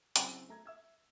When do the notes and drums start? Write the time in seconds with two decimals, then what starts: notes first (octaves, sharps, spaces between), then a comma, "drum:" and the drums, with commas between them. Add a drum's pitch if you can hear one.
0.16 C#3 F#3 C4 E4 G#4, drum: hi-hat
0.49 A3 A#5 G#6
0.65 E5 E6 G#6